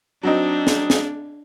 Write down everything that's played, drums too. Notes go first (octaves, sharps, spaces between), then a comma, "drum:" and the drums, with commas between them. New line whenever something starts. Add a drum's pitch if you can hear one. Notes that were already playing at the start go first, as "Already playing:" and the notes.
F#3 C4 D4 D#4
drum: snare
drum: snare